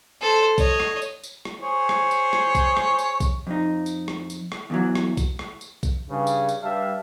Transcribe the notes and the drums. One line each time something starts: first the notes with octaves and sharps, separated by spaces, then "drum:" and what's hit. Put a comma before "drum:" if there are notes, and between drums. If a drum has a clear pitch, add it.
A4 C5
C#5 D#5, drum: kick, tambourine
drum: rim click
drum: tambourine
drum: tambourine
drum: rim click
G#4 C5 C#5
drum: rim click
drum: tambourine
drum: rim click
drum: kick, tambourine
drum: rim click
drum: tambourine
drum: kick, tambourine
F2 D#4
drum: tambourine
drum: rim click
drum: tambourine
drum: rim click
E2 E3 F#3
drum: rim click
drum: kick, tambourine
drum: rim click
drum: tambourine
drum: kick, tambourine
G2 C#3
drum: tambourine
drum: tambourine
G2 G3 E5 F5 A5